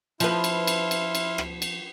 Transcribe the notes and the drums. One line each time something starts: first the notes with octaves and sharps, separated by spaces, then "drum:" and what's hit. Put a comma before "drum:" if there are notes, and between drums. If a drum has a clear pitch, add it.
F3 E4 B4 C6 F6, drum: cymbal
drum: cymbal
drum: cymbal
drum: cymbal
drum: cymbal
drum: rim click
drum: cymbal